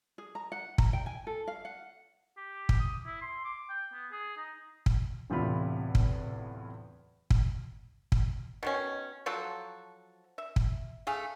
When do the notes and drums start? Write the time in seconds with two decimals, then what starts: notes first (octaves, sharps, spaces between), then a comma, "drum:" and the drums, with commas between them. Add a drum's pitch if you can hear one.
0.18 G#4
0.35 A#5
0.52 F#5
0.78 A#5, drum: kick
0.93 G5
1.06 G#5
1.27 A4
1.48 F5
1.65 F#5
2.37 G4
2.69 drum: kick
2.79 D#6
3.06 E4
3.21 C6
3.44 D6
3.69 G5
3.93 B3
4.12 G#4
4.37 D#4
4.86 drum: kick
5.30 D1 E2 A2 C3 F4 B5
5.95 drum: kick
7.30 drum: kick
8.12 drum: kick
8.63 B2 D#3 C#4
9.26 F3 F#3 F#4 A4
10.38 E5
10.56 drum: kick
11.07 A3 G#4 F5